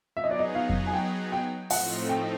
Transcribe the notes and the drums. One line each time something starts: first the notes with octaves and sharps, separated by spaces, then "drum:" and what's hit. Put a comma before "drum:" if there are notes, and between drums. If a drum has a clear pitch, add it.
F#3 B3 D#4 G#4 E5
D#5
D5
D#5
F5
drum: kick F2
G#5
G5
G5
A2 F3 A3 C4 D#4 F#5, drum: open hi-hat
G5